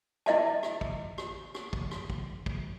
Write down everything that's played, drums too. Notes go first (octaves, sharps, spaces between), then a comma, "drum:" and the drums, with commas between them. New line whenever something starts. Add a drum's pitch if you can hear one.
E4 D#5 E5 A5, drum: rim click
drum: rim click
drum: kick
drum: rim click
drum: rim click
drum: kick
drum: rim click
drum: kick
drum: kick